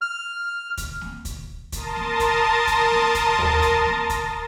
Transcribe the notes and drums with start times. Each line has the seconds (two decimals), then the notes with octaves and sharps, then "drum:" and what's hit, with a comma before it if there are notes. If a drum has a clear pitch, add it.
0.01 F6
0.78 drum: kick D2, hi-hat
1.01 drum: snare A#3
1.25 drum: kick D2, hi-hat
1.72 A#4 A5 A#5 C6 D#6 A6, drum: kick D2, hi-hat
1.96 drum: snare A#3
2.20 drum: kick D2, hi-hat
2.67 drum: kick D2, hi-hat
2.91 drum: snare A#3
3.15 drum: kick D2, hi-hat
3.39 drum: tom D#2
3.62 drum: kick D2, hi-hat
3.86 drum: snare A#3
4.10 drum: kick D2, hi-hat